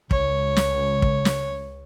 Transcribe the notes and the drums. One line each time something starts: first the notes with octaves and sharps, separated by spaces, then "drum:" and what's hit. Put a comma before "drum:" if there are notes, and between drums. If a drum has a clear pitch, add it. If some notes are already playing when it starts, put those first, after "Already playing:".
C#2 C#5, drum: kick
drum: snare
drum: kick
drum: snare